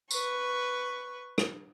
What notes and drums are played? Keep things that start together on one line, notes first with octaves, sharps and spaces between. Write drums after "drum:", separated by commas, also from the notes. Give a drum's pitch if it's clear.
B4 C#6, drum: tambourine
drum: rim click